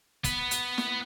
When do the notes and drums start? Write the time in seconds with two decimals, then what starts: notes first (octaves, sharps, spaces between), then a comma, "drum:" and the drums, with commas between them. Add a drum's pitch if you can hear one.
0.24 B3 B4, drum: kick, hi-hat
0.51 drum: hi-hat
0.78 drum: snare